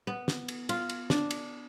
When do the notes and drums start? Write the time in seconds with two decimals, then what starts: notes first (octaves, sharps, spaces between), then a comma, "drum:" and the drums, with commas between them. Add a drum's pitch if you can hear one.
0.07 B3
0.28 drum: snare
0.48 drum: cymbal
0.69 F4, drum: cymbal
0.89 drum: cymbal
1.10 D4, drum: snare
1.31 drum: cymbal